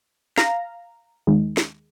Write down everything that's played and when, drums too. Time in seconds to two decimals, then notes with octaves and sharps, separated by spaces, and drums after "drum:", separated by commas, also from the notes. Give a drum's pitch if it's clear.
0.38 F5 A#5, drum: snare
1.27 D#2 D#3 G#3
1.57 drum: snare